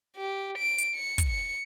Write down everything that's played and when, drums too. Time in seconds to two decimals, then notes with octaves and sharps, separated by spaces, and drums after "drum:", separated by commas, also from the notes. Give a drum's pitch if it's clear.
0.16 G4
0.58 D7
0.78 drum: hi-hat
0.95 C#7
1.18 drum: kick, hi-hat
1.31 C#7